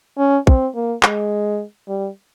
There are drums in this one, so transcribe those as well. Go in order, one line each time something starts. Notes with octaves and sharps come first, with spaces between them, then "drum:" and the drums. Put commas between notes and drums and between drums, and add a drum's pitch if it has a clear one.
C#4
C4, drum: kick
A#3
G#3, drum: clap
G3